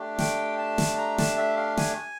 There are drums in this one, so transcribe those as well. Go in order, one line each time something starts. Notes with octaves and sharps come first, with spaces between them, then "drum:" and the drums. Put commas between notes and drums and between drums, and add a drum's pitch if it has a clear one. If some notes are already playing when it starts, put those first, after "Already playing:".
Already playing: A3 D4 G4
G5, drum: snare
A5
drum: snare
A#5
A5, drum: snare
E5
F5
G#5, drum: snare